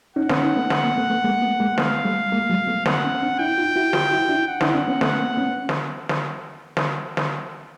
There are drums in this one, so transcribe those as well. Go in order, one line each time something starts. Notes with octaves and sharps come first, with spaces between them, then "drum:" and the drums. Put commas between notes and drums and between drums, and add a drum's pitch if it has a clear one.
C#4 D#4 F#5
B3 C#4, drum: snare
C#4 D#4
A3 B3
drum: snare
A#3 C4
A3 B3
A3 B3
G#3 A#3
A3 B3
G#3 A#3
A3 B3 F5, drum: snare
G3 A3
G#3 A#3
F#3 G#3
A3 B3
A#3 C4 F#5, drum: snare
B3 C#4
C4 D4
D4 E4 G5
D#4 F4
E4 F#4
F4 G4, drum: snare
E4 F#4
D4 E4
F#5
D4 E4, drum: snare
C4 D4
B3 C#4
A3 B3 F#5, drum: snare
A#3 C4
B3 C#4
drum: snare
drum: snare
drum: snare
drum: snare